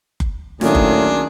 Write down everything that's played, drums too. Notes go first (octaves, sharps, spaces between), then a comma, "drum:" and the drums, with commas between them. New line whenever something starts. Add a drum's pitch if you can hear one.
drum: kick F#1
A2 D#3 F#3 A#3 C#4 D4 G#4, drum: snare
drum: kick F#1